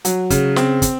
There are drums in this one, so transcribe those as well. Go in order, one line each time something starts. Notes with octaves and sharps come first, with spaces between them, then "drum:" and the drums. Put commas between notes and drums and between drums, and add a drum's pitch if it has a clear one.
F#3, drum: hi-hat
C#3, drum: kick, hi-hat
C4, drum: snare
drum: kick, hi-hat